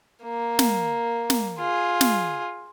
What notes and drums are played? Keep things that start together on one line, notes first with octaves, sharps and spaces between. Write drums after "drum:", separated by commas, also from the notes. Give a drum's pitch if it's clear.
A#3
drum: snare
drum: snare
F4 G#4
drum: snare